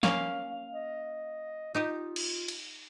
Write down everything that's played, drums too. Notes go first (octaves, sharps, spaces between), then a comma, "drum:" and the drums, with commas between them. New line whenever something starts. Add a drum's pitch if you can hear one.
A#3 C#4 F5, drum: snare
D#5
D#4 F4 G4 D#5
drum: cymbal
drum: cymbal